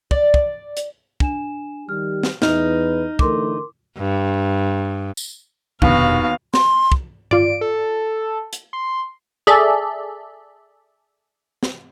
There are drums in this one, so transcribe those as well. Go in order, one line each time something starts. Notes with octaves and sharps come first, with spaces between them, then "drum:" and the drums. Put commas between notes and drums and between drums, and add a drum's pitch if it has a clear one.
D5, drum: kick
drum: kick
drum: hi-hat
D4 G#5 E7, drum: kick
D#3 G3 G4 F6
drum: snare
E2 D#4 B4 F6, drum: snare
D3 E3 A3 A#4 C6 D6, drum: kick
G2
drum: tambourine
F1 D#2 B2 B3 D4 F#4 F5, drum: kick
C6, drum: snare
drum: kick
F4 D5 D7, drum: tom G2
A4
drum: hi-hat
C6
G#4 A4 D5 E5
drum: snare